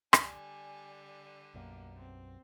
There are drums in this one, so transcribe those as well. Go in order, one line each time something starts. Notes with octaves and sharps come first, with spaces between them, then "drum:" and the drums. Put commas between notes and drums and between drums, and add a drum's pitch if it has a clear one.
D3 G3 G#5, drum: rim click
B1 F#2 A#3
C4